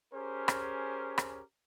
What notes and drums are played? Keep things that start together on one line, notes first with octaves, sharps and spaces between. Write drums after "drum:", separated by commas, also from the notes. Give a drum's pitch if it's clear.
C#4 G4 G#4 A#4 C5
drum: rim click
drum: rim click